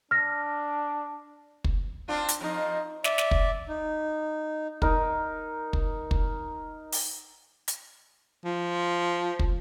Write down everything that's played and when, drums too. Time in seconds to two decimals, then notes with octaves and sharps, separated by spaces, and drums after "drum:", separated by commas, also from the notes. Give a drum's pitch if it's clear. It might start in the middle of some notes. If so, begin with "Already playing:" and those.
0.11 D4 F6 A#6
1.64 drum: kick
2.08 C4 D4 F4
2.29 drum: hi-hat
2.40 F2 F3 D#4
3.04 D5 E5, drum: snare
3.18 drum: snare
3.31 drum: kick
3.68 D#4
4.82 D#4 A#4, drum: kick
5.73 drum: kick
6.11 drum: kick
6.92 drum: open hi-hat
7.68 drum: hi-hat
8.45 F3
9.39 drum: kick